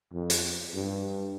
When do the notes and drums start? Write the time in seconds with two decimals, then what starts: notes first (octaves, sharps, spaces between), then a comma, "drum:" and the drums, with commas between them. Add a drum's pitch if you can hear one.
0.14 F2
0.30 drum: hi-hat
0.75 G2